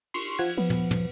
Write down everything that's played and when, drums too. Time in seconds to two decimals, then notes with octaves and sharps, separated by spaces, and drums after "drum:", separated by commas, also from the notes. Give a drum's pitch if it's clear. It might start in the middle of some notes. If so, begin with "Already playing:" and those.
0.14 C6 C#6, drum: cymbal
0.39 F3 F#5 G#6
0.57 F3 B3
0.70 drum: tom
0.91 drum: tom